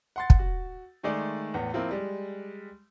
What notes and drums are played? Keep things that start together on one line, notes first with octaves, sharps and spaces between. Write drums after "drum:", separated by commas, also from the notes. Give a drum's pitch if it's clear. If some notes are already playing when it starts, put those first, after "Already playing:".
F#5 C6 A6
drum: kick
F#4
D#3 G#3 A3 G#4 D5
E2 A2 B3
F3 A#3 C4 E4 F4
G3 G#3